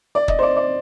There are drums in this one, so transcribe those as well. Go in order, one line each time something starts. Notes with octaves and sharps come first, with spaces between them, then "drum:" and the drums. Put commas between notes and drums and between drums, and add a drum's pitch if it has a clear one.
D5
D#5, drum: kick
C5
D5
D5